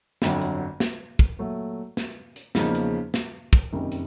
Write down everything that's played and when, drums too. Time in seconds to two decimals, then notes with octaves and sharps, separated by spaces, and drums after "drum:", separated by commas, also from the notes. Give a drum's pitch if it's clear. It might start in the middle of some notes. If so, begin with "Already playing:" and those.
0.22 G1 F2 D3 F#3, drum: snare
0.41 drum: hi-hat
0.80 drum: snare
1.19 drum: kick, hi-hat
1.39 A#2 F#3 A3
1.97 drum: snare
2.36 drum: hi-hat
2.55 E2 C#3 F3 A#3 D#4, drum: snare
2.75 drum: hi-hat
3.14 drum: snare
3.53 drum: kick, hi-hat
3.72 F#1 F2 C3 D#3
3.92 drum: hi-hat